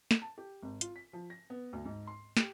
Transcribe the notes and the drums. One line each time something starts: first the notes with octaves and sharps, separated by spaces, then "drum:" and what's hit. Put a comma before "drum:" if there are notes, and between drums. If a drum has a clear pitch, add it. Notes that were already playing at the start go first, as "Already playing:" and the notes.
drum: snare
A5
G4
G#1
F4, drum: hi-hat
B6
F3
A#6
B3
D2
G#2
C6
G4, drum: snare